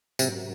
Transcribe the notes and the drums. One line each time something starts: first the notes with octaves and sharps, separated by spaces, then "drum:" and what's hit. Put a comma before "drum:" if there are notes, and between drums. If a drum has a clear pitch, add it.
G#2 C3 F#3 C#4 F#4 A#4, drum: tambourine